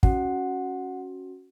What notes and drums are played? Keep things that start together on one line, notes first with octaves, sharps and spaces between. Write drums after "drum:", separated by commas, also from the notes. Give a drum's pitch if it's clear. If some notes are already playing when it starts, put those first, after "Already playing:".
C#4 F#4 F#5, drum: kick